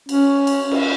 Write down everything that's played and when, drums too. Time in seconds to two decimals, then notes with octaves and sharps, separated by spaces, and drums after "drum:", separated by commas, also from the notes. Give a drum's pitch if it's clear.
0.09 C#4, drum: cymbal
0.47 drum: cymbal
0.72 drum: cymbal